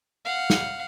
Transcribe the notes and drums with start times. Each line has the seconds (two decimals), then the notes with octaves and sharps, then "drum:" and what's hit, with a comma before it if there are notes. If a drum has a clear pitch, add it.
0.25 F5 F#5
0.50 drum: snare